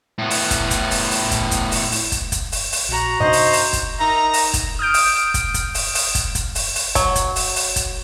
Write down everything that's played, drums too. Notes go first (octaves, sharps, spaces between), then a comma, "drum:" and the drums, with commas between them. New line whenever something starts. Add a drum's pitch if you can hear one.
A2 B3
drum: open hi-hat
drum: kick, hi-hat
drum: kick, hi-hat
drum: open hi-hat
drum: open hi-hat
drum: kick, hi-hat
drum: kick, hi-hat
drum: open hi-hat
drum: open hi-hat
drum: kick, hi-hat
drum: kick, hi-hat
drum: open hi-hat
drum: open hi-hat
A#1 F#4 A#5
G#2 C3 D4 C5 D#5
drum: open hi-hat
drum: open hi-hat
drum: kick, hi-hat
D#4 A#4 E5 A#5
drum: open hi-hat
drum: kick, hi-hat
D#6 F6 G6 D7
drum: open hi-hat
drum: kick, hi-hat
drum: kick, hi-hat
drum: open hi-hat
drum: open hi-hat
drum: kick, hi-hat
drum: kick, hi-hat
drum: open hi-hat
drum: open hi-hat
F#3, drum: kick, hi-hat
drum: kick, hi-hat
drum: open hi-hat
drum: open hi-hat
drum: kick, hi-hat